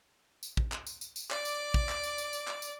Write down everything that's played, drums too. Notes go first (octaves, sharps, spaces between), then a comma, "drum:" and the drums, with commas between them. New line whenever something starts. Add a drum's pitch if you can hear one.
drum: tambourine
drum: kick
drum: clap
drum: tambourine
drum: tambourine
drum: tambourine
D5 D6, drum: clap
drum: tambourine
drum: kick
drum: clap
drum: tambourine
drum: tambourine
drum: tambourine
drum: clap
drum: tambourine